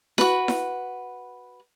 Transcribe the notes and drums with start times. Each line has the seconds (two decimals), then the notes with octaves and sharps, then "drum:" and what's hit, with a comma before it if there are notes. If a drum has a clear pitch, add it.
0.18 F#4 B4, drum: snare E4
0.48 drum: snare E4